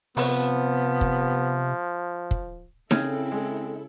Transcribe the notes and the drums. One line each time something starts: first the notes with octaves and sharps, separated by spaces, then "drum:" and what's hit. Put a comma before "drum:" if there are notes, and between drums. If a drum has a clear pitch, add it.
C3 F3 B3, drum: open hi-hat
drum: kick
drum: kick
C#3 C4 E4 A4, drum: snare D#4
G#3